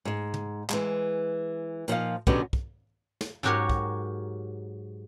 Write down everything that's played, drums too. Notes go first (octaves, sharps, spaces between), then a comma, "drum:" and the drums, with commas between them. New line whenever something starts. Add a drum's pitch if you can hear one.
G#2 G#3
drum: tom
E3 G#3, drum: clap
A#2 F3 D#4 F5, drum: hi-hat
B2 D3 F#3 B3 C#4 G4, drum: kick
drum: kick
drum: snare
G#2 F#3 F#4 G4 A#4 C#5
drum: kick